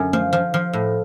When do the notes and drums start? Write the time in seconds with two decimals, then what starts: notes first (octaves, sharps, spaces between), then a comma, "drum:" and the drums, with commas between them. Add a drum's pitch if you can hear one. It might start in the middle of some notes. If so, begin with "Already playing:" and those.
Already playing: F#2 D3
0.13 F3, drum: tom G#3
0.33 F3
0.54 F3
0.73 A2